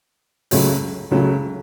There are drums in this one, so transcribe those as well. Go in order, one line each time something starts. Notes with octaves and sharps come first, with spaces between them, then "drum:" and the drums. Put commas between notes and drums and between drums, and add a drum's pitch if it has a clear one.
C#2 C#3 F#3 A3, drum: open hi-hat
C#2 C#3 F#3 A3